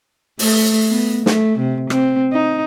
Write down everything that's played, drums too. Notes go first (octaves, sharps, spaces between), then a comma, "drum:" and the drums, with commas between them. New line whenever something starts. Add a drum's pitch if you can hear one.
A3, drum: open hi-hat
B3
A3, drum: snare
C3
C4, drum: rim click
D#4